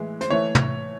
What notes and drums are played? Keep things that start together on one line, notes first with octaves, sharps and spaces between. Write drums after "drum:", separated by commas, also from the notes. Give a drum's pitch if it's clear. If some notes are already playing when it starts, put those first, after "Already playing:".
Already playing: A2 E3 G#3
C5, drum: hi-hat
E3 A3 C#5
drum: tom